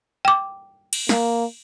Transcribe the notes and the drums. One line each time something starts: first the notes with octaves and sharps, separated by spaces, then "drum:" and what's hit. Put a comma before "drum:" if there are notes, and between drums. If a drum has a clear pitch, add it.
G5 D6
drum: cymbal
A#3, drum: snare